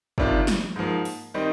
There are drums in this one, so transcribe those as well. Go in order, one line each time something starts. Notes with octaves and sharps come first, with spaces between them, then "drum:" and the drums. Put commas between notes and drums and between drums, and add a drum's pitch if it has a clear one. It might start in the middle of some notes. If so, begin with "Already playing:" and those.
C3 D#3 G3 D4 F4, drum: kick
drum: snare
G#2 F3 A#3
drum: open hi-hat
D#3 G3 C4 D#4